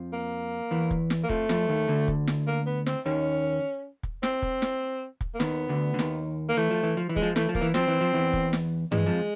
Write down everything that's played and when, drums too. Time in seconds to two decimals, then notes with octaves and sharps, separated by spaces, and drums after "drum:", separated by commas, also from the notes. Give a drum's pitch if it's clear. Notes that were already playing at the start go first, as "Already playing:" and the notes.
Already playing: F2 F3
0.13 A#3
0.71 E2 E3
0.91 drum: kick
1.10 drum: snare
1.24 A#3
1.29 F2 F3 A3, drum: kick
1.49 F2 F3, drum: snare
1.69 D#2 D#3
1.88 D2 D3
2.08 drum: kick
2.27 drum: snare
2.47 A#3
2.66 B3
2.86 C4, drum: snare
3.06 D#2 D#3 C#4
4.03 drum: kick
4.23 C4, drum: snare
4.42 drum: kick
4.62 drum: snare
5.21 drum: kick
5.35 A#3
5.40 D#2 D#3 B3, drum: snare
5.69 D2 D3
5.94 D3
5.99 D#2 D#3, drum: snare
6.49 A#3
6.57 E3 A3
6.70 F3
6.83 E3
6.97 F3
7.09 E3
7.16 G#3, drum: kick
7.22 F3
7.36 E3 A3, drum: snare
7.49 F3
7.55 A#3, drum: kick
7.62 E3
7.74 F3 C4, drum: snare
7.88 E3
8.01 F3
8.14 E2 E3
8.33 drum: kick
8.53 drum: snare
8.92 E2 E3 G#3, drum: tom G2
9.06 F2 F3